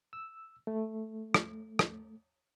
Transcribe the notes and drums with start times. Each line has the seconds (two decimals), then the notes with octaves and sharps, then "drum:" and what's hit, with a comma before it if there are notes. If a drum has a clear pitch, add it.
0.13 E6
0.67 A3
1.34 drum: rim click
1.79 drum: rim click